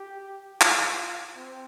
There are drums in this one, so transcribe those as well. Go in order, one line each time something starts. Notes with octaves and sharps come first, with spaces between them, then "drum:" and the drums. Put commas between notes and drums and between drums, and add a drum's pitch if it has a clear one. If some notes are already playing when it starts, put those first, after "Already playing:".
Already playing: G4
F4, drum: clap
C4